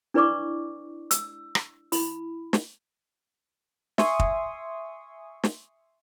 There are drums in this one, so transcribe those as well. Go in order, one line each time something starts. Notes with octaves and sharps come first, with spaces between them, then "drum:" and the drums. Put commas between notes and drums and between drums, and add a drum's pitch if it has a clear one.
D4 E4 B4 D5 C#6 D6
E6, drum: hi-hat
drum: rim click
E4 B5, drum: open hi-hat
drum: snare
E5 G#5 C6 C#6 D#6, drum: snare
drum: kick
drum: snare